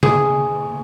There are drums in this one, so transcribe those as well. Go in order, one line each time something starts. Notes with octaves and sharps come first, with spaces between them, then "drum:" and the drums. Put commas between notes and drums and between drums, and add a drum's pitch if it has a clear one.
G#4, drum: tom C#3